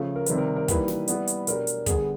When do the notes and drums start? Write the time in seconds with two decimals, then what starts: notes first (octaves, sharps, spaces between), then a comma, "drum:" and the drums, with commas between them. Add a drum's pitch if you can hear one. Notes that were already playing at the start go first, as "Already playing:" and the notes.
Already playing: C#3 F3 A3
0.16 A#4
0.26 C3 D#3 G3 B4, drum: hi-hat
0.38 A#4
0.56 A#4
0.68 E3 G3 A#3 D#4 G4 B4, drum: kick, hi-hat
0.88 drum: snare
1.08 G3 B3 E4, drum: hi-hat
1.27 drum: hi-hat
1.47 B2 F#3 A3 D4 G4 A#4, drum: hi-hat
1.67 drum: hi-hat
1.86 D3 G3 B3 G#4, drum: kick, hi-hat